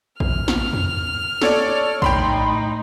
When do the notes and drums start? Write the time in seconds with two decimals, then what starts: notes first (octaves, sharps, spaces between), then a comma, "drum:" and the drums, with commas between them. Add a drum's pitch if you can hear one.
0.20 F6, drum: kick A#1
0.48 drum: snare
0.73 drum: tom
1.42 A4 C#5 D5, drum: snare
2.02 A2 D#4 G5 B5 C6, drum: kick A#1